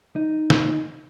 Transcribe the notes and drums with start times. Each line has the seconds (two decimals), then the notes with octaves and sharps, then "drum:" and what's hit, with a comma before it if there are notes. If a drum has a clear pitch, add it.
0.16 D#4
0.50 drum: snare